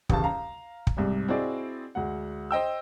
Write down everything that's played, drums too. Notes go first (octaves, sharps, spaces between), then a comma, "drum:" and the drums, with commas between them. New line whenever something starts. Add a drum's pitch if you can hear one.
A1 D#2 C#3 A5, drum: kick
F5 A#5
drum: kick
C2 G#2 C3 G3
C4 E4 F#4 G#4 D5 D#5
D2 G#3 F#5
C5 D#5 G5 E6